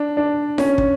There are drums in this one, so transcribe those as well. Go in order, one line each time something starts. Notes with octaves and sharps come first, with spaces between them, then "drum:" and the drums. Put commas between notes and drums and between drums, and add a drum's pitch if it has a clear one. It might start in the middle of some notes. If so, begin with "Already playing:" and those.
Already playing: D4
D4
C#4, drum: snare F4
drum: kick